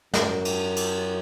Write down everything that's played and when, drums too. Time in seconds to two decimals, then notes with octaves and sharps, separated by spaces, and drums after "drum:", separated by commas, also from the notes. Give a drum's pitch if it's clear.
0.14 F#2, drum: snare
0.45 drum: cymbal
0.76 drum: cymbal